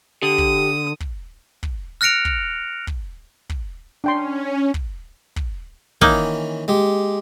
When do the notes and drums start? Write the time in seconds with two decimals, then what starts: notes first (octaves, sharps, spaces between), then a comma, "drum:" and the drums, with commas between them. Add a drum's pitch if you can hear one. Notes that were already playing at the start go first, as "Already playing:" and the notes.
0.23 D3 G4 D#6
0.38 drum: kick
1.00 drum: kick
1.63 drum: kick
2.01 F6 F#6 A#6 C#7 D7 F7
2.25 drum: kick
2.87 drum: kick
3.49 drum: kick
4.04 C#4 D4 G5 C6
4.74 drum: kick
5.36 drum: kick
6.01 D#3 E3 A#3 C#4 D#4, drum: kick
6.68 G#3 G4